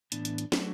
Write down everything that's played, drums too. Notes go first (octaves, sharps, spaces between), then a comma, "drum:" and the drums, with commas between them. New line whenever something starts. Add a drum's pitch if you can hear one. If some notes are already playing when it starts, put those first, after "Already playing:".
A2 E3 B3 D4, drum: hi-hat
drum: hi-hat
drum: hi-hat
F#3 A3 D4 F#4, drum: snare